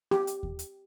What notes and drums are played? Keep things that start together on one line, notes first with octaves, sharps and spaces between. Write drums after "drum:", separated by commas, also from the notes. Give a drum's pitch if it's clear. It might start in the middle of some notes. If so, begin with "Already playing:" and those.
G4, drum: snare B3
drum: hi-hat
drum: kick D#2
drum: hi-hat